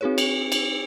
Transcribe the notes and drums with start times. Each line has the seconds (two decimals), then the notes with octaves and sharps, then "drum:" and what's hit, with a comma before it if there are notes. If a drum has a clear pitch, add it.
0.01 C4 D#4 F#4 G#4 B4 C#5
0.18 drum: cymbal
0.52 drum: cymbal